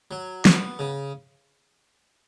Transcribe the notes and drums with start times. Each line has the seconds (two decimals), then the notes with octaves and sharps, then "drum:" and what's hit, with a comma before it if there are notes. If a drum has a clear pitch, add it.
0.11 F#3
0.45 B3, drum: snare
0.79 C#3